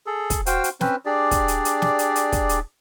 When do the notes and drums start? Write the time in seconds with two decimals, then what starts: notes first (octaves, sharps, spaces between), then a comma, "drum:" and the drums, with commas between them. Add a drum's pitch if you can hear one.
0.06 G#4 A4
0.30 drum: kick, hi-hat
0.46 F#4 C5 F5 G5, drum: hi-hat
0.64 drum: hi-hat
0.81 C4 C#4 B4 C5, drum: snare
1.05 D4 G4 G#4 D5
1.31 drum: kick, hi-hat
1.48 drum: hi-hat
1.65 drum: hi-hat
1.82 drum: snare
1.99 drum: hi-hat
2.16 drum: hi-hat
2.32 drum: kick, hi-hat
2.49 drum: hi-hat